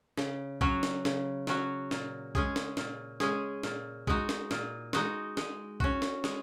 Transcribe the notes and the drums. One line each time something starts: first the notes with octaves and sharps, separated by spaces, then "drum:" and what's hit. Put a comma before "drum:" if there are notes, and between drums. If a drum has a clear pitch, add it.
C#3, drum: snare
F#3 C#4 F#4, drum: kick B1
drum: snare
C#3, drum: snare
F#3 C#4 F#4, drum: snare
A#2, drum: snare
G#3 C#4 G#4, drum: kick B1
drum: snare
A#2, drum: snare
G#3 C#4 G#4, drum: snare
A#2, drum: snare
G#3 D#4 F#4, drum: kick B1
drum: snare
A#2, drum: snare
G#3 D#4 F#4, drum: snare
G#3, drum: snare
C#4 F#4, drum: kick B1
drum: snare
G#3, drum: snare